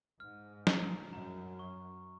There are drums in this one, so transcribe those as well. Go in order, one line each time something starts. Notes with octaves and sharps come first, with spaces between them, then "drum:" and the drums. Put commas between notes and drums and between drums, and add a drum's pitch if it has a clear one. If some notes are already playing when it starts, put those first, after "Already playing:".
G#2 F6
A#5, drum: snare
F#2 A#5
C#6